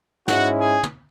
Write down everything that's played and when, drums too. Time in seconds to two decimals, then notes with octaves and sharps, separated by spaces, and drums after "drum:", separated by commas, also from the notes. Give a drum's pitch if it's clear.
0.28 G#2 G#3 C#4 E4 F#4 F#5, drum: snare
0.60 G#4 G#5
0.83 drum: tom